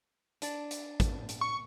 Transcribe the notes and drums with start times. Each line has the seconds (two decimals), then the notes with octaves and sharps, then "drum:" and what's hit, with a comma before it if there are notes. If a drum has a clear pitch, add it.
0.42 D4 D5, drum: hi-hat
0.71 drum: hi-hat
1.00 drum: kick, hi-hat
1.29 drum: hi-hat
1.41 C#6